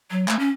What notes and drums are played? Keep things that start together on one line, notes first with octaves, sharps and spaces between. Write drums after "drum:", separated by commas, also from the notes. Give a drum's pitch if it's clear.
F#3
A3, drum: clap
C#4